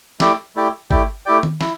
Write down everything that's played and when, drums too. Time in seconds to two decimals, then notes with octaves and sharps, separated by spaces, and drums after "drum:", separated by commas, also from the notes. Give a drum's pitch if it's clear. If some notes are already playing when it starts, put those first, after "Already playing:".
0.20 A3 E4 G4 D5 G5, drum: snare
0.56 A3 E4 G4 D5 G5
0.91 A3 E4 G4 D5 G5, drum: kick
1.26 A3 E4 G4 D5 G5
1.43 drum: tom D#3
1.61 E4, drum: snare